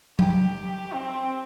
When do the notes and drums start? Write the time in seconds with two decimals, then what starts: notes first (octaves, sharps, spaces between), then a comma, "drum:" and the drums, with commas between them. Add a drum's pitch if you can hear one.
0.19 G4, drum: tom F#3
0.94 C4